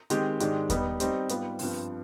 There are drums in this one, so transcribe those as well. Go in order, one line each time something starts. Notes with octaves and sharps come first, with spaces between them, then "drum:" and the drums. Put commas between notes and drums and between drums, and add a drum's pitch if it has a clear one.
D#3 G#3 C4 G4, drum: hi-hat
G#2 D#3 G#3 D4 G4, drum: hi-hat
G3 B3 D#4, drum: kick D#2, hi-hat
G3 C4 D#4 G4 C5, drum: hi-hat
G#2 G3 B3 F4, drum: hi-hat
G2 F3 C4, drum: open hi-hat